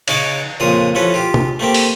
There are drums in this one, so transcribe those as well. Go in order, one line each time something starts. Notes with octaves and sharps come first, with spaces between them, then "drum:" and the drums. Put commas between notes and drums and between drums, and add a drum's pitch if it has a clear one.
C#3 D#4 C#5 A5 D6, drum: cymbal
F2 A#2 C#3 F4 D#6
A1 F3 C#4 A4 B4 A#5
F4 G4
drum: tom
A3 A#3 C4 G4
drum: open hi-hat